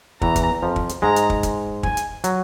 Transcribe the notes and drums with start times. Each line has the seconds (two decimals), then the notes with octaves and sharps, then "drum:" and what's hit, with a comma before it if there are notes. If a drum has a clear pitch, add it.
0.22 E2 E3 A#5, drum: kick
0.36 drum: kick, hi-hat
0.63 F2 F3
0.76 drum: kick
0.89 drum: hi-hat
1.02 G#2 G#3 A#5
1.16 drum: hi-hat
1.30 drum: kick
1.43 drum: kick, hi-hat
1.83 G#5, drum: kick
1.97 drum: hi-hat
2.24 F#3, drum: hi-hat